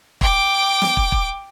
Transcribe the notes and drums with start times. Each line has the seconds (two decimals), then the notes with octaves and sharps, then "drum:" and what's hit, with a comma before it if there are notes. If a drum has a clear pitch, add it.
0.21 G5 D6, drum: kick
0.82 drum: snare
0.97 drum: kick
1.12 drum: kick